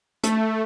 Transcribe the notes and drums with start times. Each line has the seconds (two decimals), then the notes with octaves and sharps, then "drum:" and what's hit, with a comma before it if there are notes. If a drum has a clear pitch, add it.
0.23 A3, drum: hi-hat